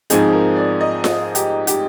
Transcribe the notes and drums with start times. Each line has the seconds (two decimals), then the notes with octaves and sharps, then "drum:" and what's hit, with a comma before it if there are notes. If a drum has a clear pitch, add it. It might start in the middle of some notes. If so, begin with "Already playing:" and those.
0.10 G#2 F3 C4 D#4 G#4, drum: hi-hat
0.33 A#4
0.56 D5
0.81 D#5
1.04 drum: snare F4
1.35 G4, drum: hi-hat
1.67 G4, drum: hi-hat